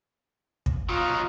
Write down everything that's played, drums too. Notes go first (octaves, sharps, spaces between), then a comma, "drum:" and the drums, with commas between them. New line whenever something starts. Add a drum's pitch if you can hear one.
drum: kick
F#3 D#4 F4